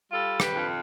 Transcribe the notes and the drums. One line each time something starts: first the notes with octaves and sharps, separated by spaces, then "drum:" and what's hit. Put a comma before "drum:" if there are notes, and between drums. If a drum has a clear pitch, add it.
G3 F4 A4
G4 B4, drum: rim click
F2